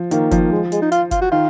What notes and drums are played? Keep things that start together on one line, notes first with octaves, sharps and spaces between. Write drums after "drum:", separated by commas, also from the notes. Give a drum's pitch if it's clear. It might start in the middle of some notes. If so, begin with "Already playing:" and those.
Already playing: F3
D#3 A#3, drum: hi-hat
F3, drum: kick F#1, hi-hat
G#3
G#3, drum: hi-hat
D#4
F4, drum: hi-hat
F4, drum: kick F#1, hi-hat
F#4
D#3 F4